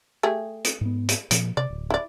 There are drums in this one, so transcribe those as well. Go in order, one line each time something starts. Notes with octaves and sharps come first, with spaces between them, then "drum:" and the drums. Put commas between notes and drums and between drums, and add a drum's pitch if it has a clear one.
A3 G4 G#4
drum: hi-hat
G#2 B3
drum: hi-hat
A#2 F3, drum: hi-hat
C3 D5
D1
E4 D5